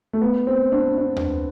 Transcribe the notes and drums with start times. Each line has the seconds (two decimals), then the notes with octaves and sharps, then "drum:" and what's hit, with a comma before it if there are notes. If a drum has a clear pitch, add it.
0.13 A3
0.22 B3
0.47 C4
0.72 D4
0.97 D4
1.16 drum: tom D#2